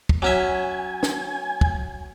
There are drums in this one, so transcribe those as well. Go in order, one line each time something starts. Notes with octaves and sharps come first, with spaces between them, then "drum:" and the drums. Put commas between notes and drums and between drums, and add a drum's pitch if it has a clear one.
drum: kick
F#3 C#4 E5 G#5
drum: snare
drum: kick